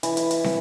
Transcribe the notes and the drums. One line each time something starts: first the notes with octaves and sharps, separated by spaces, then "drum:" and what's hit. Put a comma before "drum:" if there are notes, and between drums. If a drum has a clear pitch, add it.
E3, drum: hi-hat
drum: hi-hat
drum: hi-hat
drum: snare